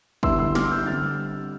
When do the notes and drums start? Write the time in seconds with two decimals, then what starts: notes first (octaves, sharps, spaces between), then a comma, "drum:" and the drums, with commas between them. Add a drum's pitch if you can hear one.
0.23 D3 G3 B3 E4 C6 E6, drum: kick G1
0.39 C6 E6
0.55 D6 F6, drum: snare
0.71 E6 G6
0.87 D3 G3 C4 F6 A6